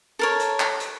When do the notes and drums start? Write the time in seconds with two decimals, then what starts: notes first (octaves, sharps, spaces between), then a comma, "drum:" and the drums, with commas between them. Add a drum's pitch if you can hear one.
0.19 A4 A#4 C#5
0.40 drum: hi-hat
0.60 drum: clap
0.80 drum: hi-hat